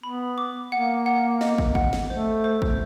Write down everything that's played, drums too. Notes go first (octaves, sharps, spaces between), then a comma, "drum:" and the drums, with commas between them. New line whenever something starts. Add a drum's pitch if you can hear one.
B3 B5
D6
A#3 F#5
F#5
D#5, drum: snare
drum: kick
F#5, drum: kick
drum: snare
A3 C5
C5
drum: kick